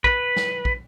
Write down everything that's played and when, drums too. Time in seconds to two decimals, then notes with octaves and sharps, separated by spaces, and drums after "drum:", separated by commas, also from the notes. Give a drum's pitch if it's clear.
0.04 B4, drum: kick
0.36 drum: snare
0.65 drum: kick